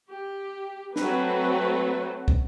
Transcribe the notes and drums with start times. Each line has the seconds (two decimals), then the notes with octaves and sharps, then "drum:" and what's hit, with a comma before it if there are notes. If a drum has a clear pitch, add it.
0.10 G4
0.96 F#3 A3 C4 B4, drum: snare
2.28 drum: kick